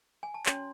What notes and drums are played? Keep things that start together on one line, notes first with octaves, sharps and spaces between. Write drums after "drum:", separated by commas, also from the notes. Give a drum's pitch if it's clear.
G#5
A5
C#4 F#4 C#5 C6, drum: clap